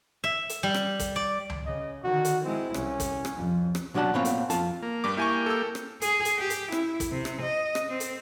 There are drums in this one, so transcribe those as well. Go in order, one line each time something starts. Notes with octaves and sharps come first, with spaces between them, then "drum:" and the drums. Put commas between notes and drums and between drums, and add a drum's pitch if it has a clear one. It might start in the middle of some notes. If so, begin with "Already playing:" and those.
E5
drum: hi-hat
G3
drum: rim click
drum: kick, hi-hat
D5
drum: tom C#2
C#3 D#5
D3 D#3 F#4
drum: hi-hat
G#3 C4 E4
C2 C#4, drum: rim click
drum: kick, hi-hat
drum: rim click
F2
drum: rim click
B2 F#3 D4 G4 F#5 A5
A#2 B3 C4 C#5 F5
drum: hi-hat
F2 F4 A5, drum: hi-hat
A#3
G2 G3 D6
A#3 E4 G4 G#5 C#6
A4 E6
drum: rim click
G#4, drum: hi-hat
drum: hi-hat
G4
drum: hi-hat
E4, drum: rim click
drum: kick, hi-hat
C3
drum: rim click
D#5
drum: rim click
C4
drum: hi-hat